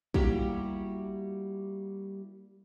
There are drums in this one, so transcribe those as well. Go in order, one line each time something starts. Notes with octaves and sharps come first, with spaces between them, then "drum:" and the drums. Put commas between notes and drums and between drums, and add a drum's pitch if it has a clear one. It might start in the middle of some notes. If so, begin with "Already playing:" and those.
G3 A#3 E4 F#4 G4 A#5, drum: kick